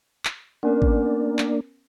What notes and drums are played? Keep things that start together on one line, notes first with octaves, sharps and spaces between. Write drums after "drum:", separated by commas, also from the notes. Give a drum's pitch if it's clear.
drum: clap
A#3 B3 C#4 D4 A#4
drum: kick G#1
drum: clap